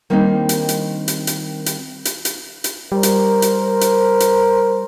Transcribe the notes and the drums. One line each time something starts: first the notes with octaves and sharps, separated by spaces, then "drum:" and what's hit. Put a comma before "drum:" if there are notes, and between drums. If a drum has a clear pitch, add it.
D#3 G3 A#3 C4 D4 D#4
drum: hi-hat
drum: hi-hat
drum: hi-hat
drum: hi-hat
drum: hi-hat
drum: hi-hat
drum: hi-hat
drum: hi-hat
G3 A#4 C5
drum: hi-hat
drum: hi-hat
drum: hi-hat
drum: hi-hat